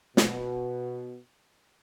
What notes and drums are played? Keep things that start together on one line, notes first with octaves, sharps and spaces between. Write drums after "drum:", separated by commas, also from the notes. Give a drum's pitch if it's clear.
B2, drum: snare